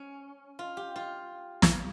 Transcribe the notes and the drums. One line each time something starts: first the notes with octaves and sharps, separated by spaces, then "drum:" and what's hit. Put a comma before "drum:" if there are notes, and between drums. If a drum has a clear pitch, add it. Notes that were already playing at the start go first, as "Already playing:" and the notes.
Already playing: C#4
F4
G4
F4
drum: snare